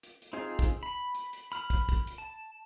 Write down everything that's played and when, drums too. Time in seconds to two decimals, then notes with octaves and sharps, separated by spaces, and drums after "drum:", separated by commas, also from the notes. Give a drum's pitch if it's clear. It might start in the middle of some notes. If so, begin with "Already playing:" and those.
0.03 drum: hi-hat
0.22 drum: hi-hat
0.33 C4 D#4 F4 G#4
0.59 drum: kick, hi-hat
0.83 B5
1.15 drum: hi-hat
1.33 drum: hi-hat
1.52 B5 F6, drum: hi-hat
1.70 drum: kick, hi-hat
1.89 drum: kick, hi-hat
2.07 drum: hi-hat
2.18 A5